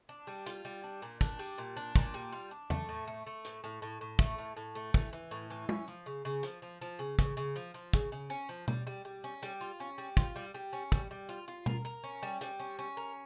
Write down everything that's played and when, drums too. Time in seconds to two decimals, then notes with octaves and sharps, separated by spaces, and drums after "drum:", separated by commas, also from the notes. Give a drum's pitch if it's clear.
0.09 D4
0.27 G3
0.46 F4, drum: hi-hat
0.65 G3
0.84 D4
1.02 A#2
1.21 D4, drum: kick, hi-hat
1.39 G3
1.58 A#2
1.77 D4
1.96 A#2, drum: kick, hi-hat
2.14 G3
2.32 F4
2.51 D4
2.70 A3, drum: tom E2
2.89 A2
3.07 A3
3.26 A3
3.45 A2, drum: hi-hat
3.64 A2
3.82 A2
4.01 A2
4.19 A3, drum: kick
4.38 A2
4.56 A2
4.75 A3
4.94 E3, drum: kick
5.13 E3
5.31 A2
5.50 E3
5.69 C#4, drum: tom G#3
5.88 F3
6.06 C#3
6.25 C#3
6.43 F3, drum: hi-hat
6.62 F3
6.81 F3
6.99 C#3
7.19 C#3, drum: kick, hi-hat
7.37 C#3
7.56 F3
7.74 F3
7.93 C#3, drum: kick, hi-hat
8.12 C#3
8.30 C#4
8.49 F3
8.68 G3, drum: tom B2
8.87 G3
9.05 G3
9.24 C#4
9.43 G3, drum: hi-hat
9.61 F4
9.80 C#4
9.98 G3
10.17 F4, drum: kick, hi-hat
10.36 G3
10.54 G3
10.73 C#4
10.92 G3, drum: kick, hi-hat
11.11 G3
11.29 F4
11.48 F4
11.66 A#4, drum: tom B2
11.85 A#4
12.04 C#4
12.23 G3
12.41 G3, drum: hi-hat
12.60 C#4
12.79 C#4
12.97 A#4